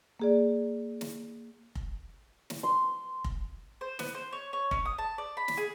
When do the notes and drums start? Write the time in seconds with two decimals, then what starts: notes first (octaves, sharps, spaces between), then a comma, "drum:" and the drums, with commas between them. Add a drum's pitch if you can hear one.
0.20 A#3 G#4 D5
1.01 drum: snare
1.75 drum: kick F1
2.50 drum: snare
2.63 C6
3.24 drum: kick F1
3.81 C5
3.99 B3, drum: snare
4.15 C5
4.32 C#5
4.53 C#5
4.71 C#4, drum: kick F1
4.85 D#6
4.98 A5
5.18 D5
5.37 B5
5.48 drum: snare
5.57 G#4